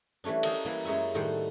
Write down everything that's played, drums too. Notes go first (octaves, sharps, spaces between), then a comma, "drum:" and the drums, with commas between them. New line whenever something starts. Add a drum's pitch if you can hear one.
E3 G3 A3 C#4 D4
A4 A#4 D#5 F5 G5 G#5, drum: cymbal
E3 G3 A#3 E4
F#2 G#3 C#5 E5 G#5
A2 D#3 G3 A4 C5 F#5